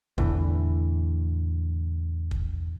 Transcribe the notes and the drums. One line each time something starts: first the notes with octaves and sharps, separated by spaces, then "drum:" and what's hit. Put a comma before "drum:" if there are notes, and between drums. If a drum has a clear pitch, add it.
E2 A2 D3 E3, drum: kick
drum: kick